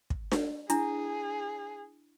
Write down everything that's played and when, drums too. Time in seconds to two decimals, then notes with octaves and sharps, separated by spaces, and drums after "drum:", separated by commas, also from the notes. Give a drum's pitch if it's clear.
0.10 drum: kick
0.32 drum: snare D4
0.70 D4 E4 G#4, drum: hi-hat